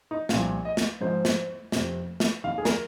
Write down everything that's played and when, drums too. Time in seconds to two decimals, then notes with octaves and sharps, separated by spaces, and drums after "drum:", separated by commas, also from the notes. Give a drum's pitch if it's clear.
0.11 D#4
0.29 C2 A#2 F3 F5, drum: snare
0.65 D#5
0.77 drum: snare
1.01 G#2 F3 C5
1.25 drum: snare
1.72 F2 C3 F3, drum: snare
2.20 drum: snare
2.44 D#2 D#3 F5
2.58 G#4
2.65 A#4, drum: snare